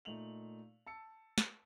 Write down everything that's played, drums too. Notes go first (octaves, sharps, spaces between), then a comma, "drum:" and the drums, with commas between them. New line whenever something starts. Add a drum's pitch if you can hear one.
A#2 A3 D#4 F7 F#7
A5 E6 C#7
drum: snare